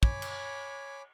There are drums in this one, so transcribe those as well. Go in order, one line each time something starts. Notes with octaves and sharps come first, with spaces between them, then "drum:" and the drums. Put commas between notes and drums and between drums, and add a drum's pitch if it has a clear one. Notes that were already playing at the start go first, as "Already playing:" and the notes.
C#5 G#5 B5 D6, drum: kick
drum: cymbal